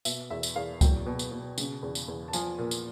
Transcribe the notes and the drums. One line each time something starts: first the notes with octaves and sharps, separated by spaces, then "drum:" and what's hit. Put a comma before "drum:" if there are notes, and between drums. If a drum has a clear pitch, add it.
B2 E5, drum: tambourine
E2 E5
drum: tambourine
E2 F5
F#3 G5, drum: kick C#2, tambourine
B2
drum: tambourine
B2
C#3, drum: tambourine
E2
drum: tambourine
E2
A5
F3 G#5, drum: tambourine
A#2
drum: tambourine